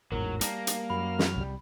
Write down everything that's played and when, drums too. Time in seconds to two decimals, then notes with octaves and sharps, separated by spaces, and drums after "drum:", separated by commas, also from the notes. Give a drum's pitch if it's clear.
0.12 A1 E2 G#2 F#3 A#4
0.41 G3 A#3 A5, drum: hi-hat
0.67 drum: hi-hat
0.90 F#2 B5 F6
1.19 drum: snare
1.36 C2 E3 G3